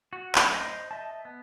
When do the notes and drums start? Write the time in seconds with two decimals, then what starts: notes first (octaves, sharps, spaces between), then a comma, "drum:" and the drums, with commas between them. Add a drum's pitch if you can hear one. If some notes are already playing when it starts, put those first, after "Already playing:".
0.13 F#4
0.35 F#3 A3 C#4 D4, drum: clap
0.53 C5 D#5 C6 G6
0.91 D#5 E5 A5
1.25 B3